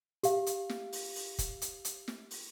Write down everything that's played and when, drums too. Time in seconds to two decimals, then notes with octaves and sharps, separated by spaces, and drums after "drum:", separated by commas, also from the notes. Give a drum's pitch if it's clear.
0.23 G4 F5, drum: hi-hat
0.46 drum: hi-hat
0.69 drum: snare
0.92 drum: open hi-hat
1.16 drum: open hi-hat
1.39 drum: kick F1, hi-hat
1.62 drum: hi-hat
1.85 drum: hi-hat
2.08 drum: snare
2.31 drum: open hi-hat